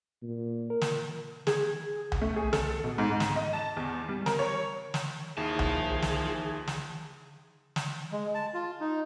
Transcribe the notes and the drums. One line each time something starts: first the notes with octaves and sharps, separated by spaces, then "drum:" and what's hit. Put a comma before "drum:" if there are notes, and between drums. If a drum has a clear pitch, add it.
A#2
A#4
drum: snare
G#4, drum: snare
drum: tom C2
A3
G#4
A4, drum: snare
B2
G#2
G#2
drum: snare
D#5
A5
E2
G3
A#4, drum: snare
C#5
drum: snare
D#2 D#3 F3 E4 G#4 A5
drum: tom C2
drum: snare
drum: snare
drum: snare
G#3
A5
F4
D#4